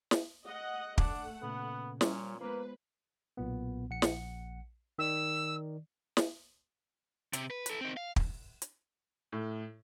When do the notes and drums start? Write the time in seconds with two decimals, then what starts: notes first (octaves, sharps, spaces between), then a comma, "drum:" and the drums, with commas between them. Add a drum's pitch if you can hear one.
0.11 drum: snare
0.48 D#5 F#5
0.98 A3 D4 F#5, drum: kick
1.43 A#2 C#3 B3
2.01 A#2 F3 G3 C#4, drum: snare
2.41 G#3 A#3 B3 B4 C5
3.37 B1 A#2 B3
3.90 A#1 F#5 C#7
4.02 drum: snare
4.98 D#3 D5 E6
6.17 drum: snare
7.33 C3, drum: hi-hat
7.50 B4
7.66 A4 B4, drum: hi-hat
7.81 C4 D#4
7.97 F5
8.16 drum: kick
8.62 drum: hi-hat
9.32 A2